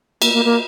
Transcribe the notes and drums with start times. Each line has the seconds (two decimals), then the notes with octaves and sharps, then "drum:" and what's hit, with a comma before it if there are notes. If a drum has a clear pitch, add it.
0.22 A#3, drum: cymbal
0.33 A#3
0.45 A#3